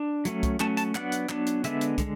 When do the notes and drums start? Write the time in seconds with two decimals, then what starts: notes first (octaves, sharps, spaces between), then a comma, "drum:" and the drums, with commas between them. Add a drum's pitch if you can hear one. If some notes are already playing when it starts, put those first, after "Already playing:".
Already playing: D4
0.25 F#3 A3 C#4, drum: hi-hat
0.43 drum: kick, hi-hat
0.60 F#3 A3 C#4 A5, drum: clap
0.77 A5, drum: hi-hat
0.95 F#3 B3 D4 F#5, drum: clap
1.12 drum: hi-hat
1.29 F#3 B3 D4, drum: clap
1.47 drum: hi-hat
1.64 D3 G#3 B3 D4 E5, drum: hi-hat
1.81 drum: hi-hat
1.98 D3 G#3, drum: kick, hi-hat